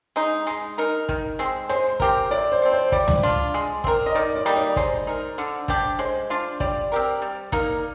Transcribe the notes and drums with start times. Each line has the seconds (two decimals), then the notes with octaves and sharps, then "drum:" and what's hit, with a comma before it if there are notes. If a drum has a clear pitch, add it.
0.16 G#3 D#4
0.47 G#3
0.78 D#4 A#4
1.09 D#3, drum: kick
1.39 G#3 C4
1.69 G#3 C5
2.00 C4 G4 A#4, drum: kick
2.31 C3 D5
2.52 C5
2.62 F3 C4
2.72 C5
2.92 G3 D5, drum: kick
3.08 drum: tom C#2
3.23 D4 F4
3.54 G#3
3.84 C4 F4 A#4, drum: kick
4.06 D#5
4.15 D#3 D5
4.35 D5
4.46 G3 A#3 D#4
4.56 D5
4.76 G#3 C5, drum: kick
5.07 D#4 A#4
5.38 D3
5.68 G3 D4 G4, drum: kick
5.99 G#3 C5
6.30 D4 F4
6.60 G3 D5, drum: kick
6.92 C4 G4 A#4
7.22 G3
7.52 A#3 D#4 A#4, drum: kick